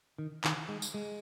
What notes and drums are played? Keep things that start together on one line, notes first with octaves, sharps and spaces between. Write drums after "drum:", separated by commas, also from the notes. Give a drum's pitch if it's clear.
D#3
D#3, drum: clap
G#3
drum: tambourine
G#3